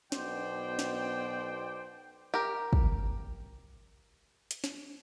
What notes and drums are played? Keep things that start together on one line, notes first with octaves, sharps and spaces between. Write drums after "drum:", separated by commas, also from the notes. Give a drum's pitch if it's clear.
B1 B2 C5 D5 G5, drum: snare
drum: snare
G4 A#4
drum: kick
drum: hi-hat
drum: snare